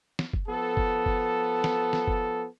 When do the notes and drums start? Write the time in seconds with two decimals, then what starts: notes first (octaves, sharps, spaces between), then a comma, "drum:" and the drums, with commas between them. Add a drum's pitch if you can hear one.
0.19 drum: snare
0.33 drum: kick F#1
0.48 F3 B3 A4
0.77 drum: kick F#1
1.06 drum: kick F#1
1.64 drum: snare
1.93 drum: snare
2.08 drum: kick F#1